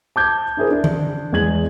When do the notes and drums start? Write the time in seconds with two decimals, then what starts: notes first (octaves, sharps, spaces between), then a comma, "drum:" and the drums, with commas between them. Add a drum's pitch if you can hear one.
0.16 A5 D6 G6 G#6
0.57 D4 E4 G#4 A#4 C5
0.71 D4
0.84 drum: tom D#3
1.32 E2 G#3 G#6 F#7